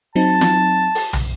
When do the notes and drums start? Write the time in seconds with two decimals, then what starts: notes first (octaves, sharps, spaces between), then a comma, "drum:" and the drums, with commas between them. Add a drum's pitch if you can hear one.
0.16 F#3 C4 D#4 A5
0.41 drum: snare
0.95 drum: open hi-hat
1.13 drum: tom